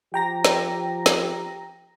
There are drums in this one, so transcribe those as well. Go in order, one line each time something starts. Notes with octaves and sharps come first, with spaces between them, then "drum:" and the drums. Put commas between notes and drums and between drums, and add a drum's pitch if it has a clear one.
F3 G4 G5 A#5 A#6
drum: snare
drum: snare